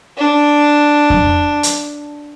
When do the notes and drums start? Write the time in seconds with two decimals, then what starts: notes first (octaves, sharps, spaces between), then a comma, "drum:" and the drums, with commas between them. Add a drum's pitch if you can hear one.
0.18 D4
1.10 drum: kick F2
1.63 drum: hi-hat